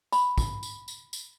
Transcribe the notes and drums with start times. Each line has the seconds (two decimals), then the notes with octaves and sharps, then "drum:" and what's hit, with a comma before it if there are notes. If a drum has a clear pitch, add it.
0.12 B5, drum: tambourine
0.38 drum: kick, tambourine
0.63 drum: tambourine
0.88 drum: tambourine
1.13 drum: tambourine